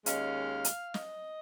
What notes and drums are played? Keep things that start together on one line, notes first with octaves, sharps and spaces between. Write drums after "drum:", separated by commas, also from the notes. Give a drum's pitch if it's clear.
D#2 D#3 G#3 C#4 F5, drum: hi-hat
drum: hi-hat
D#5, drum: snare